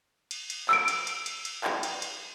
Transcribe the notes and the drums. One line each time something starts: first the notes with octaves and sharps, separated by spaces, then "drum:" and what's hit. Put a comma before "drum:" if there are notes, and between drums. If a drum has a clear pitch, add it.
drum: cymbal
drum: cymbal
E6 D7, drum: clap
drum: cymbal
drum: cymbal
drum: cymbal
drum: cymbal
drum: clap
drum: cymbal
drum: cymbal